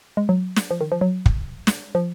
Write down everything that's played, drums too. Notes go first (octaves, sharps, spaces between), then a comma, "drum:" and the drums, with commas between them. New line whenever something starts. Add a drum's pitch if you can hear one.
G#3
F#3
drum: snare
F3
D#3
F3
F#3
drum: kick
drum: snare
F3